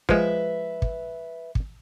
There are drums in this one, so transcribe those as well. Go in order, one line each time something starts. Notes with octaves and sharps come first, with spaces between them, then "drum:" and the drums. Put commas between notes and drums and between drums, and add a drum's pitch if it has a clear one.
F3 G#3 B4 E5, drum: kick
drum: kick
drum: kick